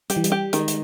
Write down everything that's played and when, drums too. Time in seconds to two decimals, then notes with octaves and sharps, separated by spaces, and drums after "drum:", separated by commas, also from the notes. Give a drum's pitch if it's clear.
0.10 G3 G4, drum: hi-hat
0.16 E3
0.24 G3, drum: hi-hat
0.32 G4
0.53 D#3 G#3, drum: hi-hat
0.68 drum: hi-hat